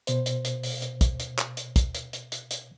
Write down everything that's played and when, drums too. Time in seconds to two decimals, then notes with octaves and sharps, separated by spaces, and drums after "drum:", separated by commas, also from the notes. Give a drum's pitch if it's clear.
0.07 B2 C5, drum: hi-hat
0.26 drum: hi-hat
0.45 drum: hi-hat
0.63 drum: open hi-hat
0.82 drum: hi-hat
1.01 drum: kick, hi-hat
1.20 drum: hi-hat
1.38 drum: clap
1.57 drum: hi-hat
1.76 drum: kick, hi-hat
1.95 drum: hi-hat
2.13 drum: hi-hat
2.32 drum: hi-hat
2.51 drum: hi-hat